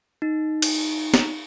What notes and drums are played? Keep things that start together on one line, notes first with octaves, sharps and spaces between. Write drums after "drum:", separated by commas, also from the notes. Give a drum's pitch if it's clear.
D#4
drum: cymbal
drum: snare